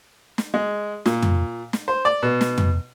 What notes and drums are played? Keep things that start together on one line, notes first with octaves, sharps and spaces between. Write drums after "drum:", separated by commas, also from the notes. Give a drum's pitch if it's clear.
drum: snare
G#3
A#2, drum: snare
drum: tom
drum: snare
C5
D5
B2
drum: snare
drum: tom